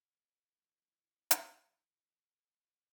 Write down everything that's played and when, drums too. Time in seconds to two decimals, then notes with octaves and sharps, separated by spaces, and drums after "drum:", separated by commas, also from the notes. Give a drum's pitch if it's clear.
0.41 F#3 A#3 E4
1.31 drum: hi-hat